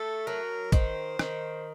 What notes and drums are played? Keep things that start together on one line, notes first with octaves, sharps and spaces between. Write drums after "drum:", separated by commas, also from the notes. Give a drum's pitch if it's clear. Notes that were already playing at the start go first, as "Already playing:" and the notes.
Already playing: A3 A4
F#3 A#4
D#3 C5, drum: kick, hi-hat
D#3, drum: rim click